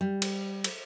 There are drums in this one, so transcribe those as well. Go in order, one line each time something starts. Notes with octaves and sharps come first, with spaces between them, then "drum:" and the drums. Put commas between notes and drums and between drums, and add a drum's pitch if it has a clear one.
G3
drum: cymbal
drum: cymbal